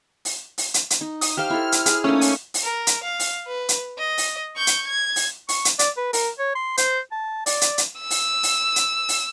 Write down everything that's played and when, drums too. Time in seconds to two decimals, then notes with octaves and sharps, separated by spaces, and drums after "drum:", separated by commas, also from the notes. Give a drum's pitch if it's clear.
0.25 drum: open hi-hat
0.58 drum: open hi-hat
0.74 drum: hi-hat
0.90 drum: hi-hat
1.01 D#4
1.21 D#6, drum: open hi-hat
1.37 G4 C5 F5 F6
1.50 E4 A4
1.72 drum: hi-hat
1.86 G#4, drum: hi-hat
2.04 A3 A#3 C#4 D#4
2.21 drum: open hi-hat
2.54 drum: open hi-hat
2.64 A#4
2.87 drum: hi-hat
3.03 F5
3.20 drum: open hi-hat
3.47 B4
3.69 drum: hi-hat
3.99 D#5
4.18 drum: open hi-hat
4.56 C#6 G6
4.67 drum: hi-hat
4.87 G#6
5.16 drum: open hi-hat
5.49 C#6, drum: open hi-hat
5.65 drum: hi-hat
5.79 D5, drum: hi-hat
5.97 B4
6.13 A#4, drum: open hi-hat
6.39 C#5
6.55 C6
6.77 C5, drum: hi-hat
7.12 A5
7.46 D5, drum: open hi-hat
7.61 drum: hi-hat
7.78 drum: hi-hat
8.01 E6
8.10 drum: open hi-hat
8.43 drum: open hi-hat
8.76 drum: hi-hat
9.09 drum: open hi-hat